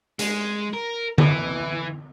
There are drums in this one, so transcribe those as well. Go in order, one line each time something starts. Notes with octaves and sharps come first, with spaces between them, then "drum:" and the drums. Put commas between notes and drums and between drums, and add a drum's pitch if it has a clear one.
G#3, drum: hi-hat
A#4
E3, drum: tom D3